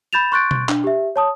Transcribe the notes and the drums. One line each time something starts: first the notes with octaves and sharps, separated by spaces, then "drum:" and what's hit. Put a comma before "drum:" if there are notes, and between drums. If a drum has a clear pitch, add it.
B5 G6 A6 E7 F7
C6 C#6 F#6 G6 A6 D7
drum: tom B2
D4, drum: clap
G4 E5
C#5 A5 D#6